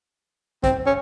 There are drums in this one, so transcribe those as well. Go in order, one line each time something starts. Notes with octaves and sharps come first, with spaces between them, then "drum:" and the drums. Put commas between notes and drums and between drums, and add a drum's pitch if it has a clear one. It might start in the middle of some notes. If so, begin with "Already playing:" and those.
C4, drum: kick, hi-hat
C#4